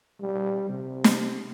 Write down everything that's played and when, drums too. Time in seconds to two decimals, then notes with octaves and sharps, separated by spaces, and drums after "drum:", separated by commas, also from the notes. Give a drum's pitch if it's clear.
0.21 G3
0.69 C3
1.04 drum: snare